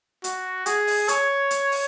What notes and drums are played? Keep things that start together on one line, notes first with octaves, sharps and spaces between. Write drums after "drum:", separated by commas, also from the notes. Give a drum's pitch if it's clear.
F#4, drum: hi-hat
G#4, drum: hi-hat
drum: open hi-hat
C#5, drum: hi-hat
drum: hi-hat
drum: open hi-hat